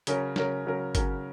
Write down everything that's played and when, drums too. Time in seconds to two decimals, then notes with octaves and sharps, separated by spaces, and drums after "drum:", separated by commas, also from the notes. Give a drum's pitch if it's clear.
0.07 C#3 F#3 C#4 A#4, drum: hi-hat
0.36 C#3 F#3 C#4 A#4, drum: snare
0.65 C#3 F#3 C#4 A#4
0.95 C#3 F#3 C#4 A#4, drum: kick G1, hi-hat